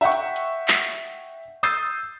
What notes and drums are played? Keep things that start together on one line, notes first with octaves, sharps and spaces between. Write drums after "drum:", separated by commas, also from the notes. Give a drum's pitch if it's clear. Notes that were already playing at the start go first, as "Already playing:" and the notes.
E5 F#5 G5 C#6
drum: hi-hat
drum: hi-hat
drum: clap
drum: hi-hat
D#6 E6 G6 A6 C7, drum: hi-hat